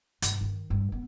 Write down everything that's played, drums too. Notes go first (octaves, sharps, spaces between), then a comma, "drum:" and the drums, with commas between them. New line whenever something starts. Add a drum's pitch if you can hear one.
G2, drum: hi-hat
D#3
G2
B3